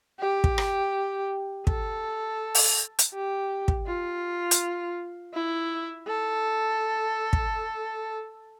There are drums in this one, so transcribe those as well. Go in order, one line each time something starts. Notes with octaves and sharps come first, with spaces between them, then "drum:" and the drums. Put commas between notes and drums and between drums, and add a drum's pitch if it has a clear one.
G4
drum: kick
drum: rim click
A4, drum: kick
drum: open hi-hat
drum: hi-hat
G4
drum: kick
F4
drum: hi-hat
E4
A4
drum: kick